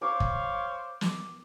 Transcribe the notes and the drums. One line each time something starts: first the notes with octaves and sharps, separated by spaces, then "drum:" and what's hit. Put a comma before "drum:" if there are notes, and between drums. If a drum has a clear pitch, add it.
C5 C#5 F5 D6
drum: kick
drum: snare